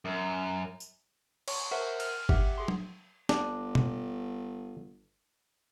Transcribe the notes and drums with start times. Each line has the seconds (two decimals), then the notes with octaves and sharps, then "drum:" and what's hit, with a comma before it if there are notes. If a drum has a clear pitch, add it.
0.05 F#2
0.80 drum: tambourine
1.48 C#5 C#6, drum: cymbal
1.71 A#4 C5 E5 F#5
2.00 F6, drum: cymbal
2.29 G4 E5 F#5, drum: kick G1
2.58 G#4 C6
2.68 drum: tom F#3
3.29 G1 D4, drum: snare
3.75 drum: tom B2